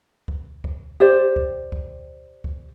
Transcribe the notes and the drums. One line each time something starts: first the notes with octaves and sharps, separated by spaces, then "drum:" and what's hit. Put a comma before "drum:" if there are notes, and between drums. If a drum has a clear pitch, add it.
drum: kick C#2
drum: kick C#2
G4 C5 D5
drum: kick C#2
drum: kick C#2
drum: kick C#2